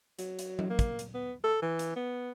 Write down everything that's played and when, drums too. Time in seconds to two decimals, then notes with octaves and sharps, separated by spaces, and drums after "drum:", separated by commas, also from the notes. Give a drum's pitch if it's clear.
0.19 F#3, drum: hi-hat
0.39 drum: hi-hat
0.59 drum: tom F#3
0.70 A#3
0.79 drum: kick, hi-hat
0.99 drum: hi-hat
1.14 B3
1.44 A4
1.62 E3
1.79 drum: hi-hat
1.96 B3